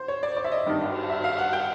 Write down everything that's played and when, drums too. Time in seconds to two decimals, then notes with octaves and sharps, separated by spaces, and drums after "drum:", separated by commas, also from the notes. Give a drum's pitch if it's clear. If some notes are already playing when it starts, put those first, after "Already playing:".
Already playing: C5
0.08 C#5
0.23 D5
0.37 D5
0.44 E5
0.52 D#5
0.67 G2 D#3 G3
0.81 drum: cymbal
1.10 E5
1.24 F5
1.39 F#5
1.53 G5